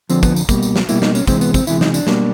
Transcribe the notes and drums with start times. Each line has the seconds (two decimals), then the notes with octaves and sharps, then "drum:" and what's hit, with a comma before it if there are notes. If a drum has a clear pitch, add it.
0.10 F2 D3 F3 C4, drum: tambourine
0.23 B3, drum: kick, tambourine
0.36 drum: tambourine
0.49 B2 G3 A#3, drum: kick, tambourine
0.63 drum: tambourine
0.76 drum: snare
0.89 B2 G3 A#3 E4, drum: tambourine
1.02 D#4, drum: snare
1.15 C#4, drum: tambourine
1.27 E2 C3 E3 G#3 C4, drum: kick, tambourine
1.41 B3, drum: tambourine
1.54 C4, drum: kick, tambourine
1.67 E2 C3 E3 G#3 E4, drum: tambourine
1.81 D#4, drum: snare
1.94 D4, drum: tambourine
2.07 B2 G3 A#3, drum: snare